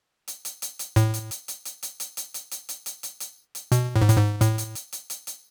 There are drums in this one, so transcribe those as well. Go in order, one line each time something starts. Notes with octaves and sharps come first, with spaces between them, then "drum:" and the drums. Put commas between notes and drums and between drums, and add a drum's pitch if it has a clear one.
drum: hi-hat
drum: hi-hat
drum: hi-hat
drum: hi-hat
A2, drum: hi-hat
drum: hi-hat
drum: hi-hat
drum: hi-hat
drum: hi-hat
drum: hi-hat
drum: hi-hat
drum: hi-hat
drum: hi-hat
drum: hi-hat
drum: hi-hat
drum: hi-hat
drum: hi-hat
drum: hi-hat
drum: hi-hat
B2, drum: hi-hat
A2
G#2
A2, drum: hi-hat
G#2
A2, drum: hi-hat
drum: hi-hat
drum: hi-hat
drum: hi-hat
drum: hi-hat
drum: hi-hat